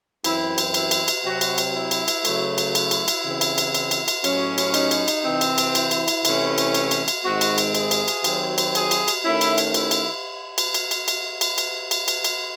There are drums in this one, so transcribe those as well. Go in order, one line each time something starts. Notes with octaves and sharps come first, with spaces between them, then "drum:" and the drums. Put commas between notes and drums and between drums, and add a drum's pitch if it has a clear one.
F#2 E3 C4 E4, drum: cymbal
drum: cymbal
E4, drum: cymbal
drum: cymbal
drum: cymbal
C3 F#3 C4 F#4
drum: cymbal
drum: cymbal
E4
drum: cymbal
drum: cymbal
C#3 F#3 A3, drum: cymbal
drum: cymbal
E4, drum: cymbal
drum: cymbal
drum: cymbal
C#3 E3 C4
drum: cymbal
drum: cymbal
drum: cymbal
drum: cymbal
drum: cymbal
A2 F#3 C#4, drum: cymbal
drum: cymbal
D#4, drum: cymbal
drum: cymbal
drum: cymbal
C3 E3 C4
drum: cymbal
drum: cymbal
E4, drum: cymbal
drum: cymbal
drum: cymbal
C3 E3 A3 C#4, drum: cymbal
drum: cymbal
drum: cymbal
drum: cymbal
drum: cymbal
G#2 D#3 G#3 C4 F#4
drum: cymbal
drum: cymbal
G#4, drum: cymbal
drum: cymbal
drum: cymbal
D#3 F#3 C4, drum: cymbal
drum: cymbal
G#4, drum: cymbal
drum: cymbal
drum: cymbal
D#3 A3 C#4 E4
drum: cymbal
drum: cymbal
E4, drum: cymbal
drum: cymbal
drum: cymbal
drum: cymbal
drum: cymbal
drum: cymbal
drum: cymbal
drum: cymbal
drum: cymbal
drum: cymbal
drum: cymbal